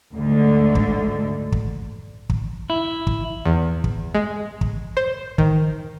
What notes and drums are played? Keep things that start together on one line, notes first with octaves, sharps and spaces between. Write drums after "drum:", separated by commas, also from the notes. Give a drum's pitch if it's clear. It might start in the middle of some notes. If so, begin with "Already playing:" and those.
D2 G#2 D3
drum: kick
drum: kick
drum: kick
E4
drum: kick
E2
drum: kick
G#3
drum: kick
C5
D#3, drum: kick